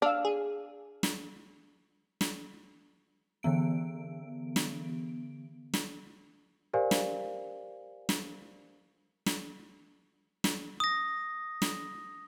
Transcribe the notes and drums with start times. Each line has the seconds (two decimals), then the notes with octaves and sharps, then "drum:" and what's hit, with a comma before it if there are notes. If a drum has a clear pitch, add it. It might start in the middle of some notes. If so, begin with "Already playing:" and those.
0.02 D4 F5 E6 F6
0.25 G#4
1.03 drum: snare
2.21 drum: snare
3.43 D3 E3 B3 D7
4.56 drum: snare
5.74 drum: snare
6.73 G4 A#4 C5 D5 F5 G#5
6.91 drum: snare
8.09 drum: snare
9.26 drum: snare
10.44 drum: snare
10.80 D#6 A#6
11.62 drum: snare